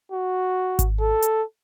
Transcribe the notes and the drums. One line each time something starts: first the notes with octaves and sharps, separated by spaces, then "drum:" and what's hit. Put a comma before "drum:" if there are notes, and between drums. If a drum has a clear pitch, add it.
F#4
drum: kick G#1, hi-hat
A4
drum: hi-hat